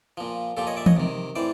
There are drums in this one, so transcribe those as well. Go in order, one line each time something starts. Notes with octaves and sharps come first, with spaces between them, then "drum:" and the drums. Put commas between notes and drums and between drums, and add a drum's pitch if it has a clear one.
A#2 F3
A#2 F3 G4 A4
C#5 D#5
D5 E5
C#5 D#5, drum: tom E3
C3 D#3
A2 E3 C5 D5